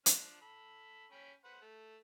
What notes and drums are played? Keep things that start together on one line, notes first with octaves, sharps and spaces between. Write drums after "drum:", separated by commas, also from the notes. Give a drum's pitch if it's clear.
F3 D4, drum: hi-hat
A4 B5
C#4 G5 B5
B4 C5 F#5
A3